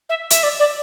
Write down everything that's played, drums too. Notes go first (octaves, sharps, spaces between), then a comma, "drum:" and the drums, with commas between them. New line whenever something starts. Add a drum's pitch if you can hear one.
E5
E5, drum: hi-hat
D5
D5